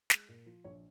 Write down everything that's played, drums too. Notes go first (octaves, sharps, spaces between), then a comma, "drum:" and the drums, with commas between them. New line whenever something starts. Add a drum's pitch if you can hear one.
G#3, drum: snare
A#2
F3
A#1 C#5